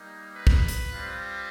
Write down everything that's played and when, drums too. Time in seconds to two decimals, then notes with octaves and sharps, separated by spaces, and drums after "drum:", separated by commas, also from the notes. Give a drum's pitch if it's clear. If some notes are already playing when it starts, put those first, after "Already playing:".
Already playing: G3 A#3 D#4
0.35 B4
0.47 drum: kick
0.68 drum: hi-hat
0.90 G3 C4 F4